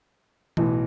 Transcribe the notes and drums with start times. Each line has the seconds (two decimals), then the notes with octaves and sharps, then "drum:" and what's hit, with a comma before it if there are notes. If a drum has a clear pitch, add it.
0.57 B1 A2 E3, drum: tom E3